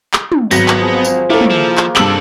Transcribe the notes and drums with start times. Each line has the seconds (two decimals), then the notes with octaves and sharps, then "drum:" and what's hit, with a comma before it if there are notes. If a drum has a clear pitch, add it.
0.13 drum: clap
0.32 drum: tom
0.51 G#1 F#3 B3 A#6, drum: tambourine
0.68 drum: clap
0.80 F3 G#4 B5
1.05 drum: tambourine
1.30 A3 A#3 C#4 E4 A4
1.41 drum: tom
1.50 F3
1.77 drum: clap
1.96 G2 C3 A4 E6 F#7, drum: clap